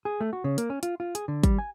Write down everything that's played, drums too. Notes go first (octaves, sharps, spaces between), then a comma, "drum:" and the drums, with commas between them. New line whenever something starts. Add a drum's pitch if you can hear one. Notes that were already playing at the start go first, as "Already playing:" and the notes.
G#4
A3
F#4
C#3
A#3, drum: hi-hat
C#4
F4, drum: hi-hat
F4
G#4, drum: hi-hat
D3
G3, drum: kick, hi-hat
G#5